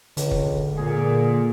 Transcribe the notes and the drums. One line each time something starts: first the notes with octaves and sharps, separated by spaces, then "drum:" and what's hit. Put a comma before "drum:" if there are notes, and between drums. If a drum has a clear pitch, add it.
C#2 D3, drum: hi-hat
drum: kick
A#2 G#4